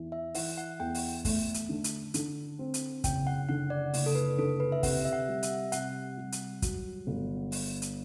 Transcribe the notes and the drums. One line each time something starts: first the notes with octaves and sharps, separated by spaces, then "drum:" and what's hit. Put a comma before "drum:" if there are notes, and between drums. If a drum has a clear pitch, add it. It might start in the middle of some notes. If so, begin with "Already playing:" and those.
Already playing: E2 E3
E5
E3 F#5, drum: open hi-hat
F#5
E2 G5
drum: open hi-hat
A3, drum: kick, open hi-hat
drum: hi-hat
D3
drum: hi-hat
D3, drum: hi-hat
C4
drum: hi-hat
F#1 G5, drum: kick, hi-hat
F#5
D3 F#5
D5
F#1, drum: open hi-hat
A4
B4
D3 A4
B4
E5
C3 F#5, drum: kick, open hi-hat
E5
F#5
G3
E5, drum: hi-hat
C3 F#5, drum: hi-hat
G3
drum: hi-hat
F#3, drum: kick, hi-hat
G1
drum: open hi-hat
drum: hi-hat